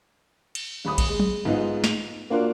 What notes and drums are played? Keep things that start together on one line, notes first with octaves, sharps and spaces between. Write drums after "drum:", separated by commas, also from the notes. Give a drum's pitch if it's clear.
drum: cymbal
D#1 B5 D#6
drum: kick A#1, cymbal
G#3
drum: tom
G#2 B3 D#4 F4
F7, drum: snare
A#3 D4 F4 F#4 A#4